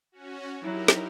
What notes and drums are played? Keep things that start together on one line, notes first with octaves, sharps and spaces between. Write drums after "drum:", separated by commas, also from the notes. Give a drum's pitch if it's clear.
C#4 F#4
F#3 D#4 E4 G4 A#4
drum: snare